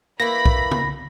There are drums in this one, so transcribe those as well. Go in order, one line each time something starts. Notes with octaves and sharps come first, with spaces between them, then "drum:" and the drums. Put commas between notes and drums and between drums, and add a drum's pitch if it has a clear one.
E3 A3 A#3 B5 A#6
drum: kick B1
drum: tom C#3